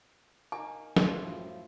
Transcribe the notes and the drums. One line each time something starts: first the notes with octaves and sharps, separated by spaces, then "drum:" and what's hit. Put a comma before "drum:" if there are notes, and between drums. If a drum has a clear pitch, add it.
A#3 D#4 G#5
F#2 A2 C3 F3 F4, drum: snare